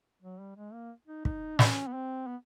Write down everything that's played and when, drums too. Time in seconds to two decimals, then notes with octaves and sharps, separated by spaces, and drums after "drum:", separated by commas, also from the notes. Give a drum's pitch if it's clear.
0.22 F#3
0.40 G3
0.56 G#3
0.73 A#3
1.07 D#4
1.25 D#4, drum: kick
1.59 C#4, drum: snare
1.87 B3
1.94 C4
2.27 B3